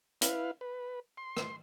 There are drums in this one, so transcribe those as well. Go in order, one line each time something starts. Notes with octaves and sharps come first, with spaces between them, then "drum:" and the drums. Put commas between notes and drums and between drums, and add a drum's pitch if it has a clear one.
E4 B4 F5, drum: hi-hat
B4
C6
drum: rim click